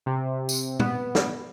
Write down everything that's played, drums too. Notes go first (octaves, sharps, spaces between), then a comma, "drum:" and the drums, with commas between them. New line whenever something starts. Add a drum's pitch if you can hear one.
C3
drum: tambourine
B3, drum: tom
drum: snare